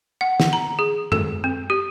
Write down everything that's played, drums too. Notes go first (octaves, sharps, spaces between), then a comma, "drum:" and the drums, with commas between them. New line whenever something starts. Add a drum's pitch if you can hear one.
F#5
drum: snare
A#5
G#4
A4, drum: tom F#2
C4
G4